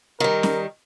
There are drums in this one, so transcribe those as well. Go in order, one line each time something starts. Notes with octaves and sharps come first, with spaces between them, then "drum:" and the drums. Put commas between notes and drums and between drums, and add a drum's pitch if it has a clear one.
D#3 G3 A#4
drum: snare C#4